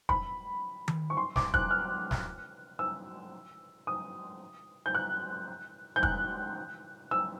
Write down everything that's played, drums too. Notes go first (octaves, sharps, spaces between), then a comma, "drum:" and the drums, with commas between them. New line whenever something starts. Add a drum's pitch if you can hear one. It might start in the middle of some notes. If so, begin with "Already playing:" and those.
B5, drum: kick
drum: tom D#3
C#6
C6
D6, drum: snare
F#6, drum: kick
F6
drum: snare
E6
D#6
G6
F#6
G6
F#6, drum: kick
E6